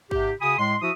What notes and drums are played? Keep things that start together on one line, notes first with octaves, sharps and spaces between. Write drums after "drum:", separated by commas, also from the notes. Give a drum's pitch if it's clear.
G#2 C3 G4, drum: kick
C#3 F#4 G#5 B5 D#6
A2 G#3 C6
F3 E4 F#4 E5 D#6